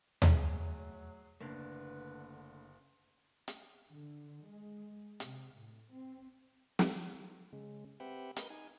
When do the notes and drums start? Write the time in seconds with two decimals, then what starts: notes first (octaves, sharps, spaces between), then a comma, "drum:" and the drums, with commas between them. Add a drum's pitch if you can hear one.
0.22 F#3 A3 G#4, drum: tom D#2
1.40 F#1 D3 A3 A#3 D4 B4
3.48 drum: hi-hat
3.90 D3
4.44 G#3
5.20 C3, drum: hi-hat
5.53 A2
5.92 C4
6.79 drum: snare
7.53 C#3 G#3
8.00 C4 G4 B4 E5 F#5 G5
8.36 A#4 B4 D#5 G6, drum: hi-hat
8.50 D#4 G#5